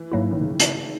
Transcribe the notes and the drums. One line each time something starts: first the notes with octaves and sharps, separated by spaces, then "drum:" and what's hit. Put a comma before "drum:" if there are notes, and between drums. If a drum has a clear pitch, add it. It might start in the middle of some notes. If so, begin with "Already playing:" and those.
Already playing: E3
G#2 F#3 A#3 E4
A#1 D#3
C#3
drum: hi-hat